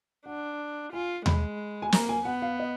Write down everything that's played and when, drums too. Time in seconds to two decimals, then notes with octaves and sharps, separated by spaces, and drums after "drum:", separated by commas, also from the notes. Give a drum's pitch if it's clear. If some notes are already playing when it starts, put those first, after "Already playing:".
0.26 D4 F#5
0.92 F4 G#5
1.26 G#3 B5, drum: tom D#2
1.82 G#5
1.92 A#3 A#5, drum: snare
2.09 G#5
2.25 B3 F#5
2.42 F5
2.60 D#5